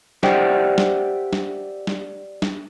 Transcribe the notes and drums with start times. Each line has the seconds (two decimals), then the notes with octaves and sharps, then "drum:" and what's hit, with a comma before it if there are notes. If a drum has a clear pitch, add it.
0.23 G4 C5 D5 E5 F#5 G5, drum: snare
0.78 drum: snare
1.33 drum: snare
1.87 drum: snare
2.42 drum: snare